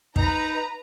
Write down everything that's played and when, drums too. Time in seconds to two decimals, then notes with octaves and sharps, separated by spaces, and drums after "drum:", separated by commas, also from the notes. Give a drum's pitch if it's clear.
0.16 D#4 B4 A#5, drum: kick